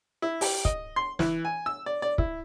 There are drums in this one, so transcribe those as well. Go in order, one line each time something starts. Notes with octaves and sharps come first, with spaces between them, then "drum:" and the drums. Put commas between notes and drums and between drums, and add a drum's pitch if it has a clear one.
E4
G4, drum: open hi-hat
D#5, drum: kick
C6
E3, drum: snare
G#5
E6
D5
D5
E4, drum: kick